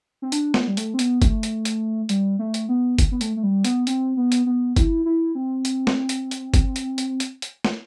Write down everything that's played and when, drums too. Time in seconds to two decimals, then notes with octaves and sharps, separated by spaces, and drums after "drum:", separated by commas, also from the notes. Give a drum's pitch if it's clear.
0.22 C4
0.32 D4, drum: hi-hat
0.54 B3, drum: snare
0.68 G3
0.77 A3, drum: hi-hat
0.94 C4
0.99 B3, drum: hi-hat
1.22 A3, drum: kick G1, hi-hat
1.43 drum: hi-hat
1.65 drum: hi-hat
2.09 G3, drum: hi-hat
2.39 A3
2.54 drum: hi-hat
2.69 B3
2.99 drum: kick G1, hi-hat
3.11 B3
3.21 A3, drum: hi-hat
3.37 A3
3.43 G3
3.64 B3, drum: hi-hat
3.87 C4, drum: hi-hat
4.17 B3
4.32 drum: hi-hat
4.46 B3
4.76 E4, drum: kick G1, hi-hat
5.05 E4
5.35 C4
5.65 drum: hi-hat
5.87 drum: snare
6.09 drum: hi-hat
6.31 drum: hi-hat
6.54 drum: kick G1, hi-hat
6.76 drum: hi-hat
6.98 drum: hi-hat
7.20 drum: hi-hat
7.42 drum: hi-hat
7.65 drum: snare